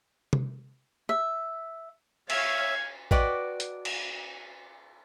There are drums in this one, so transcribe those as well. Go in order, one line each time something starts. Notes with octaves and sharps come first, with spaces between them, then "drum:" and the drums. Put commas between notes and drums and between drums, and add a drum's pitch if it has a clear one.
drum: tom C3
E5
C#5 E5 F5 G#6, drum: cymbal
F#4 B4 D5 D#5 G5, drum: kick A1
drum: hi-hat
drum: cymbal